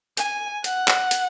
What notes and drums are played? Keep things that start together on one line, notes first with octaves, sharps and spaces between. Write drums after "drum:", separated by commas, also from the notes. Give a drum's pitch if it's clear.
G#5, drum: hi-hat
F#5, drum: hi-hat
drum: clap
drum: hi-hat